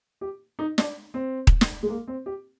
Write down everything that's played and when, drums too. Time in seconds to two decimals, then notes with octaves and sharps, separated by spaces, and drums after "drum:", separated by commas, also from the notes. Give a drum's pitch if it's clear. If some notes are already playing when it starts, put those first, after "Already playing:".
0.21 G4
0.59 D#4
0.78 D4, drum: snare
1.14 C4
1.47 drum: kick D#1
1.61 drum: snare
1.83 G#3
1.89 A#3
2.08 C4
2.26 G4